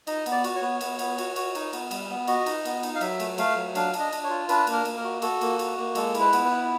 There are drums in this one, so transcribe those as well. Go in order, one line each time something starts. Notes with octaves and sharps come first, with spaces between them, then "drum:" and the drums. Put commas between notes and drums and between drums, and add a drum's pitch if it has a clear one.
D#4 D#5, drum: cymbal
B3, drum: cymbal
D5
F#4, drum: cymbal
C#5
B3
B3, drum: cymbal
B3, drum: cymbal
F#4, drum: cymbal
F#4, drum: cymbal
D#4, drum: cymbal
B3, drum: cymbal
G3, drum: cymbal
B3
F#4 D#5, drum: cymbal
D#4, drum: cymbal
B3, drum: cymbal
D#4, drum: cymbal
F5
F#3 E5, drum: cymbal
A3, drum: cymbal
A3 F5, drum: cymbal
F#3
D4 F5, drum: cymbal
D4, drum: cymbal
D#5
D4, drum: cymbal
C#5
F4
D4 B4, drum: cymbal
A#3, drum: cymbal
A#4
A#3, drum: cymbal
A#4
F#4
F#4 A4, drum: cymbal
A#3, drum: cymbal
F#4, drum: cymbal
A#3
G#3 A4, drum: cymbal
E4, drum: cymbal
B4
B3, drum: cymbal
B4
E4